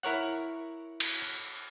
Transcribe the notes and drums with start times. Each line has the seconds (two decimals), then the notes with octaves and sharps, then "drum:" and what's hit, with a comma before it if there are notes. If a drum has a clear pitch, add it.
0.03 E4 A#4 C#5 F#5
1.00 drum: cymbal